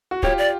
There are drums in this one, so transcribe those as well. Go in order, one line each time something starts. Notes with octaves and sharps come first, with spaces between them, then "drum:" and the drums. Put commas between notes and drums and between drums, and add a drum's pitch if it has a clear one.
F#4
F4 G4 C#5, drum: kick
D5